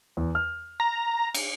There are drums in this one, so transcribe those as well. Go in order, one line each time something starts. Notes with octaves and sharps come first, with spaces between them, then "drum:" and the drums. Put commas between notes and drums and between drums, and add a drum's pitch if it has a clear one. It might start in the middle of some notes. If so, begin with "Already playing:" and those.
E2
F6
A#5
drum: cymbal